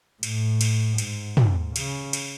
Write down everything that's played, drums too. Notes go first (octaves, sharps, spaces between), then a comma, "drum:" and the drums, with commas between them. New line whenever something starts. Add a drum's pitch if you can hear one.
A2, drum: cymbal
drum: cymbal
G#2, drum: cymbal
drum: tom
C#3, drum: cymbal
drum: cymbal